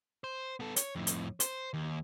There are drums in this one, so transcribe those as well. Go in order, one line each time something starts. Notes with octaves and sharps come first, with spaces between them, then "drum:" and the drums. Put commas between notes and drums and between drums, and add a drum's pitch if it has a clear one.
C5
B3 A4
C#5, drum: hi-hat
F2 A2
drum: hi-hat
C5, drum: hi-hat
D#2